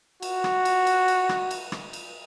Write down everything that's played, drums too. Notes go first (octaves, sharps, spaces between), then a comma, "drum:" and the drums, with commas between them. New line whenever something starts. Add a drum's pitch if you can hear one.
F#4, drum: cymbal
drum: rim click
drum: cymbal
drum: cymbal
drum: cymbal
drum: rim click
drum: cymbal
drum: rim click
drum: cymbal